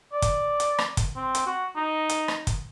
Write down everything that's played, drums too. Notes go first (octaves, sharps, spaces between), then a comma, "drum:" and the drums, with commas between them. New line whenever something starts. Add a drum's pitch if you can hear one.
D5
drum: kick, hi-hat
drum: hi-hat
drum: rim click
drum: kick, hi-hat
C4
drum: hi-hat
F#4
D#4
drum: hi-hat
drum: rim click
drum: kick, hi-hat